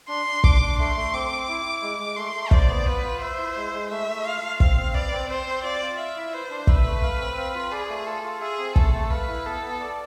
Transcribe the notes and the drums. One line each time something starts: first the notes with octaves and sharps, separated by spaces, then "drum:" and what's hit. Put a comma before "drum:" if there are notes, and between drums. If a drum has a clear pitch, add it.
D4 C6
D4
D4 D6, drum: kick
D4
A3 C6
A3
C4 D6
C4
E4
E4
G#3
G#3
A3 C6
A3
C5 D5, drum: kick
B3
F4 B4
F4
C5 E5
E4
G#3
G#3
A3 E5
A3
F4 F5
F4
C4 F5, drum: kick
C4
B4 D5
C4
C4 C5
C4
F4 D5
F4
E5 F5
E4
B4 C5
D4
B4 E5, drum: kick
A3
F5
C4
F5
F4
G#4 D5
A3
F4 A4
F4
G#4 E5
C4
A3 A4, drum: kick
A3
B4 F5
E4
B3 A4
B3
D5